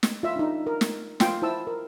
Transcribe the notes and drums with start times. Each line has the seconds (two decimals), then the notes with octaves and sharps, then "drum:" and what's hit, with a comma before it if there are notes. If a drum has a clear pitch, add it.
0.03 drum: snare
0.23 F4 E5
0.36 D4 D#4
0.67 A#4
0.81 drum: snare
1.20 F4 G5 C6, drum: snare
1.42 E4 C5 A5 E6
1.67 A#4